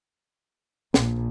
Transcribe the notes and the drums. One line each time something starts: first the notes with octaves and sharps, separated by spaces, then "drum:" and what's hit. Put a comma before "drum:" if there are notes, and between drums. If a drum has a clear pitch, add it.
A#1, drum: snare